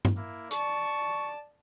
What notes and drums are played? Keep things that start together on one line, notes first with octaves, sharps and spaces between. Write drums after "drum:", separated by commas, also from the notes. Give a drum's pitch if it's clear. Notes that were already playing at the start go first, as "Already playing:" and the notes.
drum: tom G2
A#3 E4
D5 A5 C#6, drum: hi-hat